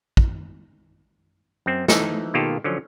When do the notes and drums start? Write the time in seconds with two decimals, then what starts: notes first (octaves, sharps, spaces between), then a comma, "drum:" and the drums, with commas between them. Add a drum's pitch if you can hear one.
0.17 drum: kick
1.66 F#2 C4
1.88 E3 F3 D#4 A4, drum: snare
2.34 B2 D#3 A#3 F4 G4 A4
2.64 D3 F3 F#3 C#4